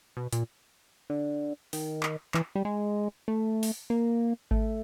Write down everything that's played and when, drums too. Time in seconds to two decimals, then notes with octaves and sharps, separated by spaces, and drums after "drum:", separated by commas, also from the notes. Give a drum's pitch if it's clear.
0.17 B2
0.33 A#2, drum: hi-hat
1.10 D3
1.73 D#3, drum: open hi-hat
2.03 drum: clap
2.34 E3, drum: clap
2.55 G3
2.65 G#3
3.28 A3
3.63 drum: open hi-hat
3.90 A#3
4.51 A3, drum: kick G#1